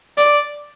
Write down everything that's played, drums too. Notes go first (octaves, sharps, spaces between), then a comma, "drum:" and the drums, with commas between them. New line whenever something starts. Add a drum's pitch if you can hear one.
D5, drum: hi-hat